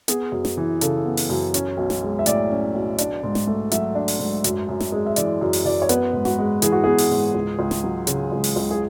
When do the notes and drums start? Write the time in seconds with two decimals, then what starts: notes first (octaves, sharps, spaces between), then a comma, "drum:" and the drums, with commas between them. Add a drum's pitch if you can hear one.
0.08 B3 G#4, drum: hi-hat
0.32 F#2
0.45 drum: snare
0.57 E3
0.81 C#3 A4, drum: hi-hat
1.06 B3
1.17 drum: open hi-hat
1.30 F#2
1.54 C#4, drum: hi-hat
1.77 B1
1.90 drum: snare
2.03 G#3
2.19 E5
2.26 A2 D5, drum: hi-hat
2.51 C#4
2.74 B1
2.98 D4, drum: hi-hat
3.23 G#2
3.35 drum: snare
3.47 A3
3.72 F#3 E5, drum: hi-hat
3.95 D4
4.08 drum: open hi-hat
4.19 G#2
4.44 F#2, drum: hi-hat
4.69 F#2
4.80 drum: snare
4.92 G#3
5.06 E5
5.16 E3 D5, drum: hi-hat
5.41 F#2
5.53 drum: open hi-hat
5.65 F#2 D5
5.82 C#5
5.89 B3 B4, drum: hi-hat
6.13 G#2
6.25 F#4, drum: snare
6.38 G#3
6.62 E3 G#4, drum: hi-hat
6.73 F#4
6.84 B3 G#4
6.98 drum: open hi-hat
7.11 G#2
7.34 C#2
7.59 C#2
7.71 drum: snare
7.84 F#3
8.07 C#3, drum: hi-hat
8.32 C#2
8.44 drum: open hi-hat
8.56 C#2
8.71 G#4